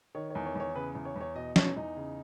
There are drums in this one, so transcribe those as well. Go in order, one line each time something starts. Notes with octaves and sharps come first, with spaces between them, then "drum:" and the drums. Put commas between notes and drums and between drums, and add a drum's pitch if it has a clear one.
D#3 C#5
E2 C#5
C#5
E2 C#5
C#3 B4
E2
C#5
E2 C#5
B2 D#5
E2 C#5, drum: snare
E2 D#4
C#3